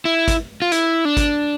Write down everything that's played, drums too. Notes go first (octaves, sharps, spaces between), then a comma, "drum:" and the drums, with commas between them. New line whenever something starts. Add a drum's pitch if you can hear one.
E4
drum: kick G#1, hi-hat
F4
E4, drum: hi-hat
D4
drum: kick G#1, hi-hat